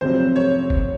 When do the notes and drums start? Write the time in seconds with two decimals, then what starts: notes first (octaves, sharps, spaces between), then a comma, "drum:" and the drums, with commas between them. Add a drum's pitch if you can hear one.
0.01 F1 F2 C3 F#3 C5
0.36 C#5
0.70 drum: kick G1